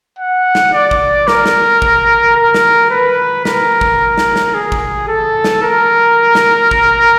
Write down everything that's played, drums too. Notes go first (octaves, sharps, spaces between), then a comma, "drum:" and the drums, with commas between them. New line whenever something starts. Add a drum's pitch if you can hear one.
F#5
drum: snare
D5
drum: kick
A#4, drum: snare
drum: snare
drum: kick
A#4
drum: snare
B4
A#4, drum: snare
drum: kick
drum: snare
drum: snare
G#4
drum: kick
A4
drum: snare
A#4
drum: snare
drum: kick